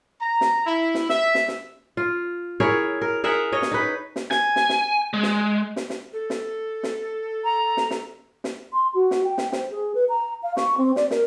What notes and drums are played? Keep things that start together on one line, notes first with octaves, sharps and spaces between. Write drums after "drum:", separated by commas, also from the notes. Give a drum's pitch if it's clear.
A#5
drum: snare
E4
drum: snare
E5, drum: snare
drum: snare
drum: snare
F4
E4 G#4 A#4 C#5
A#4
G#4 A#4 E5 F#5
C#5 D#5
drum: snare
D#4 B4
drum: snare
G#5, drum: snare
drum: snare
drum: snare
G#3
drum: snare
drum: snare
drum: snare
A4
drum: snare
drum: snare
A#5
drum: snare
drum: snare
drum: snare
C6
F#4
drum: snare
G5
drum: snare
C5, drum: snare
G#4
B4
A#5
F5
C#6, drum: snare
C4
D5, drum: snare
A#4, drum: snare